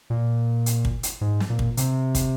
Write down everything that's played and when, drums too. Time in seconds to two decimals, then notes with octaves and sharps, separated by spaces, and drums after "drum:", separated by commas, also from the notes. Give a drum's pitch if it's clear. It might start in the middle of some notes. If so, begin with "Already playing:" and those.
0.10 A#2
0.66 drum: hi-hat
0.85 drum: kick
1.03 drum: hi-hat
1.21 G#2
1.40 drum: snare
1.50 A#2
1.59 drum: kick
1.77 C3, drum: hi-hat
2.15 drum: kick, hi-hat